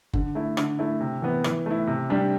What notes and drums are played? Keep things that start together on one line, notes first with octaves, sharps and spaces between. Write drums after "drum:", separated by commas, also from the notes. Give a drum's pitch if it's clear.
D3, drum: kick F#1
A3 E4
D3, drum: rim click
A3 E4
C3
E3 B3
E3, drum: rim click
A3 E4
C3
G3 D4 G4